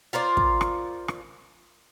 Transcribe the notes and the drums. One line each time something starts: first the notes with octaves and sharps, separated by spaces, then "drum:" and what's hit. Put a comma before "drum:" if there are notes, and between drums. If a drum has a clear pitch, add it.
F4 A#4 C5 D5
drum: kick
drum: rim click
drum: rim click